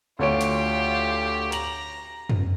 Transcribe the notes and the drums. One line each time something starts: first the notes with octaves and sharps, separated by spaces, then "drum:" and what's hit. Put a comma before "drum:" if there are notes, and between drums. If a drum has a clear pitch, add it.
D2 F4 G4 C#5 D7
drum: hi-hat
A#5 F7 F#7, drum: hi-hat
drum: tom